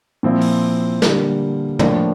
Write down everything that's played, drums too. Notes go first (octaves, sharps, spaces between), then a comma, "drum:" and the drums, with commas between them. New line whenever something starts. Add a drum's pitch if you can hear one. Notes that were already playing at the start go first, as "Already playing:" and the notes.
A#2 F3 C4 E4
drum: open hi-hat
D3 G3 A#3, drum: snare
A2 F3 A#3 D4, drum: tom